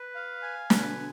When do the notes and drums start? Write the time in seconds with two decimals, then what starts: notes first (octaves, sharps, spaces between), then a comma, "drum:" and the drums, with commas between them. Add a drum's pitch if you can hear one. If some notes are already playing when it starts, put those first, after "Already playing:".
Already playing: B4
0.15 F5
0.42 G#5
0.70 B2 D3 B4, drum: snare